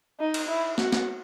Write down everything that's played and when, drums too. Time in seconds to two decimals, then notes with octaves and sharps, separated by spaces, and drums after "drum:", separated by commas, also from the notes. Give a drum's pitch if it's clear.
0.20 D#4
0.34 drum: cymbal
0.49 E4
0.78 F#4, drum: snare
0.92 drum: snare